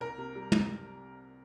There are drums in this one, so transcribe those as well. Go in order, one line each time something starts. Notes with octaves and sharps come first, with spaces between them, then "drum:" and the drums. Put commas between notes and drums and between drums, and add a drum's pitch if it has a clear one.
C2 A#4
C3
G3
C2, drum: tom